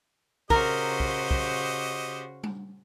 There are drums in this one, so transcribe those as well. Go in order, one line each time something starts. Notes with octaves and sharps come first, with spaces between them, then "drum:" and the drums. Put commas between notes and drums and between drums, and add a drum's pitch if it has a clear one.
C#3 F#4 G4 A#4 C5 D#5, drum: kick
drum: kick
drum: kick
drum: tom G3